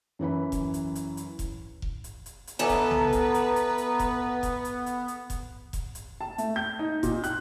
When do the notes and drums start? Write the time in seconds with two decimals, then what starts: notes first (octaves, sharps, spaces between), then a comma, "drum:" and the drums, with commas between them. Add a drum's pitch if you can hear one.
0.19 F#2 E3 B4 B5
0.52 drum: kick F1, hi-hat
0.74 drum: hi-hat
0.95 drum: hi-hat
1.17 drum: hi-hat
1.39 drum: kick F1, hi-hat
1.82 drum: kick F1
2.04 drum: hi-hat
2.26 drum: hi-hat
2.47 drum: hi-hat
2.59 E3 B3 A4 B4 A5 A#5
2.69 drum: kick F1, hi-hat
2.91 drum: tom B1
3.13 drum: kick F1, hi-hat
3.34 drum: hi-hat
3.56 drum: hi-hat
3.78 drum: hi-hat
3.99 drum: kick F1, hi-hat
4.43 drum: kick F1, hi-hat
4.65 drum: hi-hat
4.86 drum: hi-hat
5.08 drum: hi-hat
5.30 drum: kick F1, hi-hat
5.73 drum: kick F1, hi-hat
5.95 drum: hi-hat
6.21 A5
6.38 A3, drum: hi-hat
6.56 G6
6.79 D#4
7.03 A#2, drum: kick F1, hi-hat
7.24 F#6, drum: hi-hat